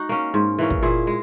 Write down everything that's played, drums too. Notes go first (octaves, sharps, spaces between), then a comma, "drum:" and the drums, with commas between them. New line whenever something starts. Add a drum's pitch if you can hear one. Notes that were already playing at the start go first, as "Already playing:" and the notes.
Already playing: D#4 F#4
A#3 C#4
G#2
E3 A#3 C#4
drum: kick
A#2 E4 G#4
G#3